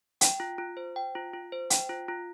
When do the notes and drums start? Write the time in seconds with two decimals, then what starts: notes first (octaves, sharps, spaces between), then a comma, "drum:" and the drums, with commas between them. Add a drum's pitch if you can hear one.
0.21 G5, drum: hi-hat
0.40 F4
0.58 F4
0.77 C5
0.96 G5
1.15 F4
1.34 F4
1.52 C5
1.70 G5, drum: hi-hat
1.89 F4
2.08 F4